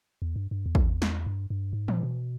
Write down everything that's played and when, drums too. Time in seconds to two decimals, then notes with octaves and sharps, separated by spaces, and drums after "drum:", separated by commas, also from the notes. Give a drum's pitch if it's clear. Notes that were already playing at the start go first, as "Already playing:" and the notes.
0.22 E2
0.36 G2
0.51 G2
0.66 E2
0.75 drum: kick
1.02 drum: snare
1.26 G2
1.50 G2
1.73 G#2
1.88 A#2, drum: tom E3
2.03 B2